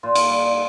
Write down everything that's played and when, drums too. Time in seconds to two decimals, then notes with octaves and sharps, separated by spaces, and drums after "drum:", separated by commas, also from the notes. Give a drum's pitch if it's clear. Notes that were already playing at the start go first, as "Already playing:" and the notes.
0.03 A#2 F4
0.15 drum: cymbal
0.29 G3